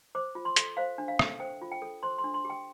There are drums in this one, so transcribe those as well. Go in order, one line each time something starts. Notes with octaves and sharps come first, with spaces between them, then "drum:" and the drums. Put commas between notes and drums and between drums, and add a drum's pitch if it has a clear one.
C5 D6
F4
C6
A4, drum: hi-hat
C5 F5
D4
F5
A4, drum: rim click
C5 G5
F4
G5
A4
C5 C6
C6
D4
C6
G4
G5